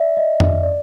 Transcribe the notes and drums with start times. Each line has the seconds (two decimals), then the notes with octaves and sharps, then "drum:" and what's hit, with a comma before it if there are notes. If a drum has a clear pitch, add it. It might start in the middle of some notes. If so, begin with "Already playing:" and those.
Already playing: D5 E5
0.17 D#5
0.40 drum: tom F2
0.63 D5